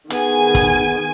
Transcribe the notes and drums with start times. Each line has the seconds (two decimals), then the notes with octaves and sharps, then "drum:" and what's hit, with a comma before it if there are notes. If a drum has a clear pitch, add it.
0.10 D#3 B3 G#4 G#5, drum: hi-hat
0.55 drum: kick, hi-hat